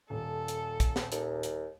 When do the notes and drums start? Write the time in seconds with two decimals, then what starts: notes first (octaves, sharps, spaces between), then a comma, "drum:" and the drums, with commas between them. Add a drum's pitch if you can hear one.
0.10 D#1 A4
0.48 drum: hi-hat
0.80 drum: kick, hi-hat
0.96 drum: snare
1.12 D#2, drum: hi-hat
1.43 drum: hi-hat